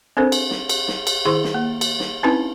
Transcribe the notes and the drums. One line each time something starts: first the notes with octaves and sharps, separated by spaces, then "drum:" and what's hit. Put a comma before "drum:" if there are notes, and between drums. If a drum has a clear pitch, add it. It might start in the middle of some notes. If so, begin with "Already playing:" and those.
C4 D4 A4 A#4 C5
drum: cymbal
drum: snare
drum: cymbal
drum: snare
drum: cymbal
D#3 E4 G#4 C5 C6 C#6
drum: snare
A#3
drum: cymbal
drum: snare
C4 C#4 D#4 E4 B4 A5